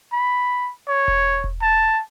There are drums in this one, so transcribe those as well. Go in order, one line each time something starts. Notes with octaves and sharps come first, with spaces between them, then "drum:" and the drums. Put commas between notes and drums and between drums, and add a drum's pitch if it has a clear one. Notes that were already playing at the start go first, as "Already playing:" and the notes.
B5
C#5
drum: kick E1
drum: kick E1
A5